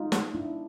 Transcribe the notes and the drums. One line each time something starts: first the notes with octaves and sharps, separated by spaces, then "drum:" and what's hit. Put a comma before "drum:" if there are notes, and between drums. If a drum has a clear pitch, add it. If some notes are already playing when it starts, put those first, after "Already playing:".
Already playing: G#3 D#4 F4
B3, drum: snare
B3 D4 E4